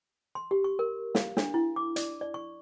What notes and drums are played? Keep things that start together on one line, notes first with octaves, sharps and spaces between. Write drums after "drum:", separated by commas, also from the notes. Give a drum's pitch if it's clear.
C6
G4
C#6
A#4
F5, drum: snare
D4, drum: snare
E4
D6
D5, drum: hi-hat
D5
C#6